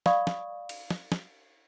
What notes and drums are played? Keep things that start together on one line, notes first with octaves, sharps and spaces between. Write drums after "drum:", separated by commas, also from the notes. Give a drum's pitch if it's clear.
C#5 D5 F5 B5 C#6 D#6, drum: snare
drum: snare
drum: cymbal
drum: snare
drum: snare